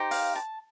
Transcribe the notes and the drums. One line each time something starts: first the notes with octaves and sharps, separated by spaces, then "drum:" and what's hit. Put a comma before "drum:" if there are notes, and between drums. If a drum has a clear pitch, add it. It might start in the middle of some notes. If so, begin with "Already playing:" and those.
Already playing: D#4 G4 C5
F5, drum: open hi-hat
A5